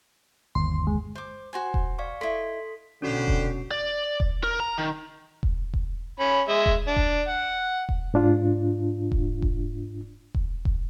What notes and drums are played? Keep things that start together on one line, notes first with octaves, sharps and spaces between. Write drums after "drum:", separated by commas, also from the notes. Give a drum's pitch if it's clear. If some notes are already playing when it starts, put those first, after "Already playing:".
G1 D#2 C6
G#3
C5 D6
F#4 C5 G#5
drum: kick E1
D5 F5 C#6
E4 A4 D#5 C6 B6
C2 B2 D3 C#4 F#4 G4 B4 C5
drum: kick E1
D5
drum: kick E1
A#4
A#5
D#3
drum: kick E1
drum: kick E1
C#4 B5
G#3 E5
drum: kick E1
D4
drum: kick E1
F#5
drum: kick E1
G#2 D4 F4
drum: kick E1
drum: kick E1
drum: kick E1
drum: kick E1